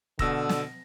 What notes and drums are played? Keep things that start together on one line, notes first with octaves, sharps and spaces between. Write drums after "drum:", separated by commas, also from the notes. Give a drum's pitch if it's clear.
B2 D3 E6 A#6, drum: kick D#1
drum: snare